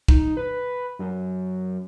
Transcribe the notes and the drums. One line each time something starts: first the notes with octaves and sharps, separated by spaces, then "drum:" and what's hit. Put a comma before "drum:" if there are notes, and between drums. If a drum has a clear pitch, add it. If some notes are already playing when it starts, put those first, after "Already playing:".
D#4, drum: kick
B4
F#2